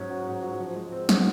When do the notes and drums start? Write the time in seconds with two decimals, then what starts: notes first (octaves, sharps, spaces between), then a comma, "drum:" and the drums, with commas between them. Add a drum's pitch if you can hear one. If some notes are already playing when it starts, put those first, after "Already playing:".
Already playing: G#2 F#3 C#4
0.10 F#4
0.27 G#2
0.42 F#3
0.59 F3
0.75 G#3
0.92 C4
1.09 F#4, drum: snare